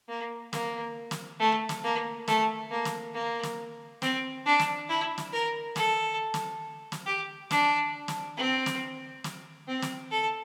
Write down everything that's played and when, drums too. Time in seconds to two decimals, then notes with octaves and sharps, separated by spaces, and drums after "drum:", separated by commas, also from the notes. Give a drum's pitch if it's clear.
0.09 A#3
0.53 A#3, drum: snare
1.11 drum: snare
1.40 A3
1.69 drum: snare
1.84 A#3
2.28 A3, drum: snare
2.71 A#3
2.85 drum: snare
3.14 A#3
3.43 drum: snare
4.02 C4, drum: snare
4.46 D4
4.60 drum: snare
4.89 E4
5.18 drum: snare
5.33 A#4
5.76 A4, drum: snare
6.34 drum: snare
6.92 drum: snare
7.06 G4
7.51 D4, drum: snare
8.08 drum: snare
8.37 C4
8.66 drum: snare
9.24 drum: snare
9.68 C4
9.82 drum: snare
10.11 A4